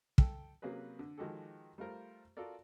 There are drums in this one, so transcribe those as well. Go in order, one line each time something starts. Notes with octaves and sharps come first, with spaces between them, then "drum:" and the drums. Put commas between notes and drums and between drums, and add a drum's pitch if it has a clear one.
A4 G5, drum: kick
C3 F#3 A#3 C#4 G#4 B4
D3
D#3 F3 G#3 F#4 G4 A4
G3 A3 F4 A#4 C5
F4 F#4 A4 A#4 D5